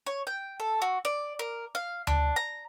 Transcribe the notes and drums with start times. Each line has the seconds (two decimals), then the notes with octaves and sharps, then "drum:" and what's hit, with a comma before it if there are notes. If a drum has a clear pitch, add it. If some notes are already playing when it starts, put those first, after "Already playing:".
0.07 C#5
0.27 G5
0.60 A4
0.82 F#4
1.05 D5
1.39 A#4
1.75 F5
2.07 D4, drum: tom D2
2.36 A#5